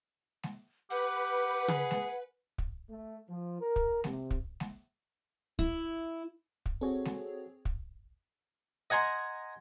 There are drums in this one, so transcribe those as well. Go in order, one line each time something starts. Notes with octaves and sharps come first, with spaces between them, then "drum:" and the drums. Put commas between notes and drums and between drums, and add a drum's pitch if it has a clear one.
drum: snare G#3
G4 B4 F#5
G#4, drum: tom C#3
drum: snare G#3
drum: kick
A3
F3
A#4
drum: kick
C3, drum: snare G#3
drum: kick
drum: snare G#3
E4, drum: kick
drum: kick
C4 F#4 G#4 A4 C#5
drum: snare G#3
drum: kick
D#5 F#5 G#5 A#5 C6